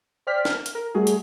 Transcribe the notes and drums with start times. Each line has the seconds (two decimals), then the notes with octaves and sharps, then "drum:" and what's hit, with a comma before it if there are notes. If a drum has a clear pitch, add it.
0.27 C5 D5 G5 F6 B6
0.45 F6, drum: snare
0.66 drum: hi-hat
0.75 A#4
0.94 G3 A3 F#4 G#4
1.07 drum: hi-hat